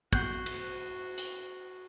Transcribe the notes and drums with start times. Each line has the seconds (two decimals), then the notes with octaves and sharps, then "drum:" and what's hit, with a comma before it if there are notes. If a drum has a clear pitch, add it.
0.13 B3 F#4 C#6 F#6 G6 C7 G7, drum: kick
0.46 drum: cymbal
1.18 drum: hi-hat